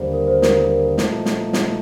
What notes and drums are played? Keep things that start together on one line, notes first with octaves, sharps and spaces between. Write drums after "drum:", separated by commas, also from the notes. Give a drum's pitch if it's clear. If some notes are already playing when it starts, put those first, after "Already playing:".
Already playing: D#2 D3 G3 A#3 C5
A#4
C5
A#4, drum: snare
A#4
A4
A#2 F3 A3 D#4 A4, drum: snare
drum: snare
drum: snare